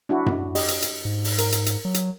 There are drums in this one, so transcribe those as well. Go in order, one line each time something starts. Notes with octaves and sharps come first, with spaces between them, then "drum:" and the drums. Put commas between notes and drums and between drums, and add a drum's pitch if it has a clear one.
D4 E4 F#4
drum: tom F#2
G4 D#5, drum: open hi-hat
drum: hi-hat
drum: hi-hat
G#2
drum: open hi-hat
A#4, drum: hi-hat
drum: hi-hat
drum: hi-hat
F#3
drum: hi-hat